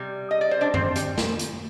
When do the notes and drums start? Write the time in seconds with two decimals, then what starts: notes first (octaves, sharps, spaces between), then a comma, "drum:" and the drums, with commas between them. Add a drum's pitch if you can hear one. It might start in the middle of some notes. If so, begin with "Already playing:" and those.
Already playing: C3 G3
0.31 D#5
0.41 D5
0.51 C5
0.61 D4 D5
0.74 C4 C5, drum: tom F#2
0.96 G3 G4, drum: hi-hat
1.18 drum: snare
1.39 drum: hi-hat